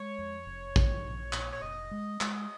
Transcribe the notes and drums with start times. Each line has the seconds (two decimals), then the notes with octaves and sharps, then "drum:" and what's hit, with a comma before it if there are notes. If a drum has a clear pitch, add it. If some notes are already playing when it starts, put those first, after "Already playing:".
Already playing: G#3 C#5
0.18 F2
0.47 F1
0.76 F3, drum: kick
1.05 A#1
1.33 A#2, drum: clap
1.52 C#5
1.62 F1 D#5
1.91 G#3
2.21 G#3, drum: clap